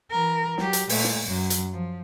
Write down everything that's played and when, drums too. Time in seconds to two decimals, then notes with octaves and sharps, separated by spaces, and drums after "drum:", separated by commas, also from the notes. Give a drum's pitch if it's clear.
0.11 E3 A#4
0.58 F#3 G4, drum: snare
0.73 drum: hi-hat
0.89 A#2 A3, drum: open hi-hat
1.04 drum: snare
1.27 F#2 F#3
1.50 drum: hi-hat
1.72 F3